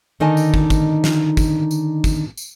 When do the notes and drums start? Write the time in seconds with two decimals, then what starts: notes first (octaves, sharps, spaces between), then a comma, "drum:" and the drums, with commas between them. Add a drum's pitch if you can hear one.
0.20 D3 D#3 D#4 D#5 G#5 A5
0.37 drum: tambourine
0.54 drum: kick
0.70 drum: kick, tambourine
1.04 drum: snare
1.37 drum: kick, tambourine
1.71 drum: tambourine
2.04 drum: kick, tambourine
2.37 drum: tambourine